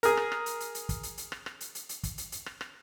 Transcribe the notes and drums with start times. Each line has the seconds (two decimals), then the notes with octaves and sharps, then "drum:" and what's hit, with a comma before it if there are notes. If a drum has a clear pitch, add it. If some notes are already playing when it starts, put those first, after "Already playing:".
0.03 G#4 A#4, drum: hi-hat
0.17 drum: rim click
0.32 drum: rim click
0.46 drum: hi-hat
0.60 drum: hi-hat
0.75 drum: hi-hat
0.89 drum: kick, hi-hat
1.03 drum: hi-hat
1.18 drum: hi-hat
1.32 drum: rim click
1.46 drum: rim click
1.60 drum: hi-hat
1.75 drum: hi-hat
1.89 drum: hi-hat
2.03 drum: kick, hi-hat
2.18 drum: hi-hat
2.32 drum: hi-hat
2.46 drum: rim click
2.61 drum: rim click